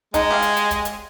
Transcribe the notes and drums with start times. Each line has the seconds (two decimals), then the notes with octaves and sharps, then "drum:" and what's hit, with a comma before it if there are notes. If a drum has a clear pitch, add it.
0.14 G#3 D#4, drum: kick, hi-hat
0.31 G4 F5
0.42 drum: hi-hat
0.57 drum: hi-hat
0.71 drum: kick, hi-hat
0.85 drum: hi-hat